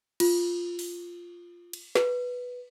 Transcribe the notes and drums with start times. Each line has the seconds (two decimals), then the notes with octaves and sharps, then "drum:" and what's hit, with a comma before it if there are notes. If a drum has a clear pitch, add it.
0.20 F4, drum: cymbal
0.79 drum: open hi-hat
1.73 drum: cymbal
1.95 B4, drum: snare